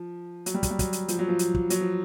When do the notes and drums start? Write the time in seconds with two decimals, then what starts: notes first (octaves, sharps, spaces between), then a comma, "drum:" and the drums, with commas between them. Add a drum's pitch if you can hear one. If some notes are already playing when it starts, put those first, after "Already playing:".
Already playing: F3
0.46 F#3, drum: hi-hat
0.54 G3
0.63 F#3, drum: kick, hi-hat
0.71 G3
0.79 F#3, drum: kick, hi-hat
0.93 drum: hi-hat
1.08 F3, drum: hi-hat
1.19 F#3
1.28 F3
1.39 drum: hi-hat
1.55 drum: kick
1.70 F#3, drum: hi-hat
1.81 F3